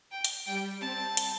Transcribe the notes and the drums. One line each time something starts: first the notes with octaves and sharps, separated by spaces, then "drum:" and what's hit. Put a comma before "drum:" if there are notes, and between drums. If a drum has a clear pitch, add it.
G5
drum: hi-hat
G3 G5
C4 A5
drum: hi-hat